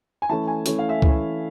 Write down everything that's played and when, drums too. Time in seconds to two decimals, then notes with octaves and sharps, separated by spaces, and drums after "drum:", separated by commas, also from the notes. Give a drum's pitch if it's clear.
0.22 G#5
0.29 E3 A3 C#4 A5
0.47 G#5
0.66 E3 A3 C#4, drum: hi-hat
0.78 F5
0.89 E5
1.02 E3 A3 C#4, drum: kick C#2